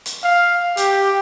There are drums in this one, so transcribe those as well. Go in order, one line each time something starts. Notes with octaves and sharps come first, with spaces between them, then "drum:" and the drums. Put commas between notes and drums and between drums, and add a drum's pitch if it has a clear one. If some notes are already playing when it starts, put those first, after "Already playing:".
drum: hi-hat
F5
G4, drum: hi-hat